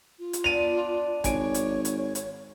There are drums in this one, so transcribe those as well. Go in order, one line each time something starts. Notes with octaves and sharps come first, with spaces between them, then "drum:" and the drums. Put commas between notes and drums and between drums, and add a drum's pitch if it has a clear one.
F4
drum: hi-hat
B3 D4 D5 D#7 F7
G#1 C#5 G#5 D7, drum: kick G#1, hi-hat
drum: hi-hat
drum: hi-hat
drum: hi-hat